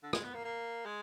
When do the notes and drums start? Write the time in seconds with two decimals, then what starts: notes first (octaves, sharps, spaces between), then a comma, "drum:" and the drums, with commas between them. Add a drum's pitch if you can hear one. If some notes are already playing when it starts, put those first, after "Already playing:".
0.03 D3
0.13 G#3, drum: rim click
0.24 B3
0.34 A#3
0.44 A#3
0.85 G#3